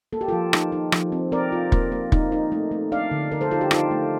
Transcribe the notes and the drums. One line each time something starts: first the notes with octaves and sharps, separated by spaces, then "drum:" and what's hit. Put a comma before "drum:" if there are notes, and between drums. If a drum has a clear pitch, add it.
A#3 A4
G4
F3 F4 A4
D#4, drum: rim click
D#4
F3, drum: rim click
C4
C4 A#4 D5
F4
A#3, drum: kick
A#3
D#4, drum: kick
D#4
A3
A3
D4 D5 F5
D3
D3 A#4 D5
A4 C5
D#4 F4 A4
G4
D#4 F4, drum: rim click
A3